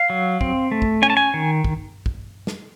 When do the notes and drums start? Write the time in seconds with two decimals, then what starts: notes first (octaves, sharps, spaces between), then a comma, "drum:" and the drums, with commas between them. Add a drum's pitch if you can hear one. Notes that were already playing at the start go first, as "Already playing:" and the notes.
Already playing: F5
0.10 F#3
0.41 C4, drum: kick
0.72 A3
0.82 drum: kick
1.02 C#4 G#5
1.10 A5
1.17 G#5
1.34 D#3
1.64 drum: kick
2.06 drum: kick
2.47 drum: snare